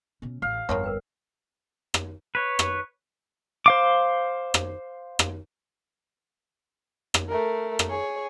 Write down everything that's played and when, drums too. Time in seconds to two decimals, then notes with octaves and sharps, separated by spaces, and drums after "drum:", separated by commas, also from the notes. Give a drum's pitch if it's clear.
0.22 B2 C#4
0.42 A1 F5
0.69 G1 F2 D#3 F3 F#4 C#5
0.84 A#4 B4 G5
1.94 drum: rim click
2.35 B4 C#5
2.59 drum: rim click
3.66 C5 F5 D6
4.54 drum: rim click
5.19 drum: rim click
7.14 drum: rim click
7.29 A3 A#4
7.79 drum: rim click
7.89 G#4 C#5